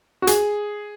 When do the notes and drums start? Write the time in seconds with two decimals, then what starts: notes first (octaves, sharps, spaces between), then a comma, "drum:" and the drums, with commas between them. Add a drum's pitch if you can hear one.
0.22 F#4
0.27 G#4, drum: hi-hat